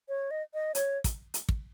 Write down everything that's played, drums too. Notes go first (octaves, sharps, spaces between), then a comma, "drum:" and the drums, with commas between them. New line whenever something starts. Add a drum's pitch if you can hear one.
C#5
D#5
D#5
C#5, drum: hi-hat
drum: kick, hi-hat
drum: hi-hat
drum: kick